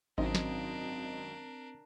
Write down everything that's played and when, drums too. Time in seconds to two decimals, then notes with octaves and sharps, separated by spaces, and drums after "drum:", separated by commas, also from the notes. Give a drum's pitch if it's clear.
0.18 G#1 F#2 F#3 C4 D4 D#4 A#4, drum: kick A1
0.35 drum: snare